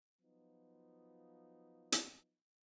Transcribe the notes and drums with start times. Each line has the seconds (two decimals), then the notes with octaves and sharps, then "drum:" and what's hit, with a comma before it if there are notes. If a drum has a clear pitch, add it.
0.22 F3 F#3 B3 D#4 F4
1.92 drum: hi-hat